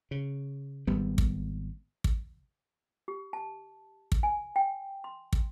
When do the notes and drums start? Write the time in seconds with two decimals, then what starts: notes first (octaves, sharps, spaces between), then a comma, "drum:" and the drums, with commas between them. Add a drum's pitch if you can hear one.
0.11 C#3
0.87 G#1 G3 B3
1.18 drum: kick
2.04 drum: kick
3.08 G4
3.33 A5
4.12 drum: kick
4.23 G#5
4.56 G5
5.04 C6
5.33 drum: kick